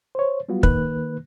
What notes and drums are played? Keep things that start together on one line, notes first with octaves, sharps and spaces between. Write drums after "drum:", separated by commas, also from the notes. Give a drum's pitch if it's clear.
C5 C#5
F#3 G3 B3 F4 F#4
D#3 A#3 B4 F#6, drum: kick